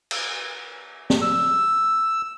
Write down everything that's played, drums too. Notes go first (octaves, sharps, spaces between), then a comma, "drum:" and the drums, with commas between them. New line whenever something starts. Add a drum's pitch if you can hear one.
drum: cymbal
drum: snare
E6